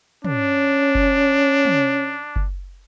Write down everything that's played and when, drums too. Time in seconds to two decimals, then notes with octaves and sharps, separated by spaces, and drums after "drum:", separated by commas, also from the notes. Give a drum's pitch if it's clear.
0.25 C#4 D4, drum: tom
0.95 drum: kick F#1
1.65 drum: tom
2.36 drum: kick F#1